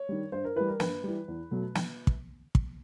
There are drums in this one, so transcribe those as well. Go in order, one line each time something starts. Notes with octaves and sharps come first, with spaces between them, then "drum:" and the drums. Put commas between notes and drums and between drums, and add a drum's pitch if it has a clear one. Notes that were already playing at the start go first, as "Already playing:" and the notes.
Already playing: C#5
D#3 G3
G2 C5
A#4
E3 G3 B4
A#4
G2 B4, drum: snare
E3 G3
E2
B2 F#3 A3
drum: snare
drum: kick
drum: kick